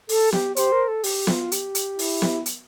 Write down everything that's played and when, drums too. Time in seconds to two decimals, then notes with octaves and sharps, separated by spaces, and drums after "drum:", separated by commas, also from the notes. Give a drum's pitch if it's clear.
0.09 A4, drum: open hi-hat
0.33 G4, drum: snare B3
0.56 G4 C5, drum: hi-hat
0.72 A#4
0.88 A4
1.03 G4, drum: open hi-hat
1.27 F4, drum: snare B3
1.52 G4, drum: hi-hat
1.75 drum: hi-hat
1.99 E4, drum: open hi-hat
2.22 drum: snare B3
2.46 drum: hi-hat